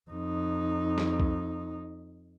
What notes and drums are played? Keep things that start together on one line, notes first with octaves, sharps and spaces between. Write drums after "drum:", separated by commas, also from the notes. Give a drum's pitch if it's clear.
F2 D#4
drum: snare
drum: kick B1